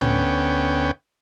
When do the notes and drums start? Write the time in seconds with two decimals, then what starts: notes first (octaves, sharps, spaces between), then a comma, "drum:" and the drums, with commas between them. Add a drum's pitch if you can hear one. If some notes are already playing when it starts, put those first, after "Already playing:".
0.01 D2 B3 C#4 G5, drum: tom